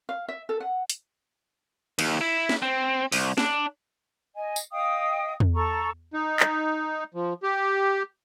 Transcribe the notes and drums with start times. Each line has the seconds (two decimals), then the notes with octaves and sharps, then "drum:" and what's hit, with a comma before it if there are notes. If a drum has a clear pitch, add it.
0.09 F5
0.29 E5
0.49 A4
0.60 F#5
0.90 drum: hi-hat
1.99 D#2, drum: cymbal
2.21 E4
2.49 drum: snare
2.62 C4
3.12 C2, drum: open hi-hat
3.38 D4, drum: snare
4.35 D#5 G#5
4.56 drum: tambourine
4.72 D#5 F5 G5 D#6
5.40 drum: tom E2
5.53 A4 A#5 C#6
6.13 D#4
6.40 drum: clap
7.14 F3
7.43 G4